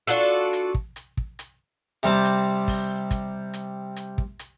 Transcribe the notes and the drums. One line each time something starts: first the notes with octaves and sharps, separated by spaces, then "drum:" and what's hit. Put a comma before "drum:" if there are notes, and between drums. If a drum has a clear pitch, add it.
D4 F4 F#4 A4
drum: hi-hat
drum: kick
drum: hi-hat
drum: kick
drum: hi-hat
C3 G3 C4 A5
drum: hi-hat
drum: kick, open hi-hat
drum: kick, hi-hat
drum: hi-hat
drum: hi-hat
drum: kick
drum: hi-hat